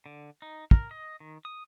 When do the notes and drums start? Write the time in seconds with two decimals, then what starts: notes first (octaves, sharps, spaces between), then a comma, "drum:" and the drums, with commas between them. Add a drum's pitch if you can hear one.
0.06 D3
0.42 D#4
0.71 A#4, drum: kick
0.91 D#5
1.20 D#3
1.45 D#6